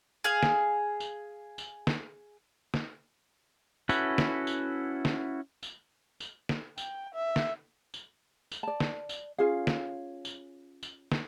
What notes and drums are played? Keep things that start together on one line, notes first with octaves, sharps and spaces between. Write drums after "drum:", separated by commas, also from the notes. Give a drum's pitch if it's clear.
G#4 F5
drum: snare
drum: tambourine
drum: tambourine
drum: snare
drum: snare
C#4 E4 F#4 A4 B4, drum: tambourine
drum: snare
drum: tambourine
drum: snare
drum: tambourine
drum: tambourine
drum: snare
G5, drum: tambourine
E5
drum: snare
drum: tambourine
drum: tambourine
D5 A5
drum: snare
drum: tambourine
C#4 F4 G#4 F5
drum: snare
drum: tambourine
drum: tambourine
drum: snare